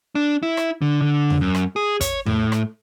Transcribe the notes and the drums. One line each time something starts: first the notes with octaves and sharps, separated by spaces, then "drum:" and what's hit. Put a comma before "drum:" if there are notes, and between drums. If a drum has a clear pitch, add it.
D4
E4
drum: rim click
D3
D3
drum: tom E2
F#2
drum: rim click
G#4
C#5, drum: kick, hi-hat
A2, drum: tom E2
drum: rim click